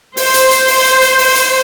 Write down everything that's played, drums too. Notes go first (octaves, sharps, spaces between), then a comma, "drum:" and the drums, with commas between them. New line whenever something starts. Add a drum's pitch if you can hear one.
C5, drum: open hi-hat
drum: hi-hat
drum: hi-hat
drum: open hi-hat
drum: hi-hat
drum: hi-hat
drum: open hi-hat
drum: hi-hat